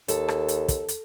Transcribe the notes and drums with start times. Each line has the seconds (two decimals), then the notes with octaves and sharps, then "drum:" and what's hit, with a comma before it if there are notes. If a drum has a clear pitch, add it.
0.08 D#2 A4, drum: hi-hat
0.28 drum: rim click
0.48 drum: hi-hat
0.68 drum: kick, hi-hat
0.88 drum: hi-hat